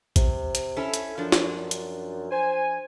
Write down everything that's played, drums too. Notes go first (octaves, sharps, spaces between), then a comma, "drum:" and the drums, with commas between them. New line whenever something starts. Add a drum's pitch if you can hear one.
C3, drum: kick, hi-hat
drum: hi-hat
C#4 E4 A4
drum: hi-hat
F#2 F3 D4
drum: snare
drum: hi-hat
C5 G#5